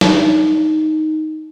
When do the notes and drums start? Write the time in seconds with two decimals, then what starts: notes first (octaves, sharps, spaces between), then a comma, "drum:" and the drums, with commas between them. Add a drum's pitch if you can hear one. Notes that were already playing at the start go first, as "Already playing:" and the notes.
0.01 D#4, drum: snare